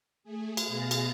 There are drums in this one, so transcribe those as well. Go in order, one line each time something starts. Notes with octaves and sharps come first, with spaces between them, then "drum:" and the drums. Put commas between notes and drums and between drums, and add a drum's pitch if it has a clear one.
A3 G#4
drum: cymbal
B2 G#4 F5 A6 A#6
drum: cymbal